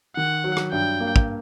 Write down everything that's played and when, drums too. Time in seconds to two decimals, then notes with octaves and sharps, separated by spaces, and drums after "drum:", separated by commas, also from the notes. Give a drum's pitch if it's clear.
0.16 D#3 F#5
0.44 F#3
0.57 drum: rim click
0.72 G2 G5
1.00 A#3
1.16 drum: kick